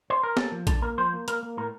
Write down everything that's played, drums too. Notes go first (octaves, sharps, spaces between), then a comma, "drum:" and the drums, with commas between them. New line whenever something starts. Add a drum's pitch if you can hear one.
C5
A#4
A#3 A4, drum: snare
F3
D3 A4, drum: kick, hi-hat
A#3 A#4
F3 C5
A#3
A#3 A#4, drum: hi-hat
A#3
A2 A#4